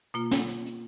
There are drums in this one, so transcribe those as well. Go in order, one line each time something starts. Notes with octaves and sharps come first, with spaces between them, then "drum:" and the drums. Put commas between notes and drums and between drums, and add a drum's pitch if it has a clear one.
B2 A#3 F4
drum: snare
drum: hi-hat
drum: hi-hat